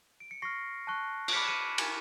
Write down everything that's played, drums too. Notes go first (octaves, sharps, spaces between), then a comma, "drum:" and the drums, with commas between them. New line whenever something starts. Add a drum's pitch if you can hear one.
D7
C#7
C#6 F6 A#6 C7
A5 C#6 F#6
D7, drum: cymbal
B5 D6 F6 B6 C#7
E7
C#7 D#7
drum: cymbal